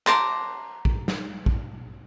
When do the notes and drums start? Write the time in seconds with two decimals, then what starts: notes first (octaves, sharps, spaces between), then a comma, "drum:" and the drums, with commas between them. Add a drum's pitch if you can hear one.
0.07 A5 A#5 C6 D6, drum: clap
0.85 drum: kick A#1
1.08 drum: snare
1.46 drum: kick A#1